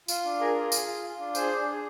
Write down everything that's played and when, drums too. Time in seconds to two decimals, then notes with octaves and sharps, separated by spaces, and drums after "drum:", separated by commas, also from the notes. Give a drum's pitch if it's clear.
0.08 F4, drum: tambourine
0.25 D4
0.40 G#4 A#4
0.56 F4
0.72 G#4, drum: tambourine
0.87 F4
1.03 F4
1.19 D4
1.35 G#4 C5, drum: tambourine
1.51 D4
1.67 G#4